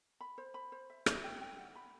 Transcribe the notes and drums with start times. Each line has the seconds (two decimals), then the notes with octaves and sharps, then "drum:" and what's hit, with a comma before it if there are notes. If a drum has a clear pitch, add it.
0.21 B5
0.38 C5
0.54 B5
0.72 C5
0.90 E5
1.06 E5, drum: rim click
1.24 G5
1.41 G5
1.58 F#5
1.76 B5